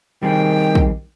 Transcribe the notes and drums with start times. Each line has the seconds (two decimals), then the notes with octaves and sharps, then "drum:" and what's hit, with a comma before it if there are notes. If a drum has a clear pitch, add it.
0.23 D#3 G3 C4 G#4 G5
0.75 drum: kick